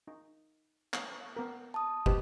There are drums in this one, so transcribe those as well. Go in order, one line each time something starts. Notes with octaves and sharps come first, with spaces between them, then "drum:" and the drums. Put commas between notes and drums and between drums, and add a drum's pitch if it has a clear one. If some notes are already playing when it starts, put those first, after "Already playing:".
D#4
drum: clap
B3 A#4
A5 D#6
G4 B4 C5 D#5, drum: kick